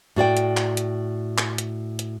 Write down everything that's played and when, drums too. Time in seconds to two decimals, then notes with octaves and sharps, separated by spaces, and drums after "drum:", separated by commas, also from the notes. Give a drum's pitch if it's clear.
0.16 A2 F#4 D5 G5
0.37 drum: hi-hat
0.57 drum: clap
0.77 drum: hi-hat
1.38 drum: clap
1.58 drum: hi-hat
1.99 drum: hi-hat